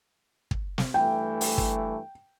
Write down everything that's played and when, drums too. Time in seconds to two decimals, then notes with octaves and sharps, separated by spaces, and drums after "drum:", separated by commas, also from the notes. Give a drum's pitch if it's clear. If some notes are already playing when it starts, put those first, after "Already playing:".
0.51 drum: kick
0.78 drum: snare
0.94 G2 E3 A3 G5
1.41 drum: open hi-hat
1.58 drum: kick